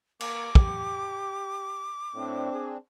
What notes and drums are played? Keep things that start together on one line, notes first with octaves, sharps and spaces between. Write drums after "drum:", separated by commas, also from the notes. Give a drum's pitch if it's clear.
A#3 D6, drum: cymbal
G4, drum: kick
A2 C4 D4
G#4